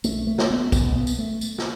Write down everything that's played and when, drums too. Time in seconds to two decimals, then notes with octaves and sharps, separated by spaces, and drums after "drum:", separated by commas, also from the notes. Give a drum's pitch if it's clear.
0.04 B1 B2 A3, drum: tambourine
0.27 A3
0.38 drum: snare
0.50 B3
0.72 B1 B2 B3, drum: kick, tambourine
0.96 B3
1.07 drum: tambourine
1.19 A3
1.41 drum: tambourine
1.58 drum: snare